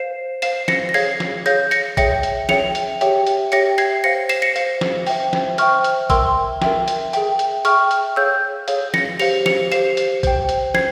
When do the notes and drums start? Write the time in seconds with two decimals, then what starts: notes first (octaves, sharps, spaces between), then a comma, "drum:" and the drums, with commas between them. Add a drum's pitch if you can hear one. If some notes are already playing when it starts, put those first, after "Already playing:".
Already playing: C5 F5 C7 E7
0.42 C5 F5 C7 E7, drum: hi-hat
0.68 A#6 C#7, drum: snare
0.89 A#6
0.94 G#4 C#5 F5 G#6 C7, drum: open hi-hat
1.20 drum: snare
1.46 G#4 C#5 F5 G6 A#6, drum: hi-hat
1.71 A#6 C#7, drum: hi-hat
1.97 G#4 C#5 E5 G5 A#6 C#7, drum: kick A1, hi-hat
2.23 drum: hi-hat
2.49 G#4 C#5 E5 G5 C#7 F7, drum: snare
2.75 drum: hi-hat
3.01 G4 C#5 E5 G5, drum: hi-hat
3.26 drum: hi-hat
3.52 G4 C#5 E5 G5 A#6 C#7, drum: hi-hat
3.78 G#6 C7, drum: hi-hat
4.04 C5 F5 A#6 C#7
4.29 C7 E7, drum: hi-hat
4.42 A#6 C#7
4.56 C5 F5, drum: hi-hat
4.81 drum: snare
5.07 C5 E5 G5, drum: open hi-hat
5.33 drum: snare
5.58 C5 E5 G5 C#6 F6, drum: hi-hat
5.84 drum: hi-hat
6.10 A#4 E5 G5 C6 E6, drum: kick A1, hi-hat
6.61 A#4 E5 G5, drum: snare
6.88 drum: hi-hat
7.13 G#4 E5 G5, drum: hi-hat
7.39 drum: hi-hat
7.65 G#4 E5 G5 C#6 F6, drum: hi-hat
7.91 drum: hi-hat
8.16 G#4 C#5 F5 E6 G6
8.68 G#4 C#5 F5, drum: hi-hat
8.94 A#6 C#7, drum: snare
9.19 G4 C5 F5 C#7 F7, drum: open hi-hat
9.46 C#7 F7, drum: snare
9.72 G4 C5 F5 C7 E7, drum: hi-hat
9.97 drum: hi-hat
10.23 C5 G5, drum: kick A1, hi-hat
10.49 drum: hi-hat
10.74 C5 G#6 C7, drum: snare